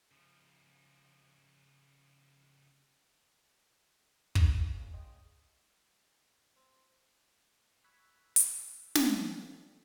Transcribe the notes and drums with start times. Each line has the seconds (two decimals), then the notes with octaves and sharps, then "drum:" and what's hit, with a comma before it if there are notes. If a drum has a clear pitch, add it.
0.11 C#3 F3
4.35 C#3, drum: kick
4.77 A#2 D#3
4.94 D#5 G5 C6
6.56 C4
7.84 B5 C#6 E6 F#6 G#6 B6
8.36 drum: hi-hat
8.95 drum: snare
9.38 D4 F4 A4 C5 F5 G5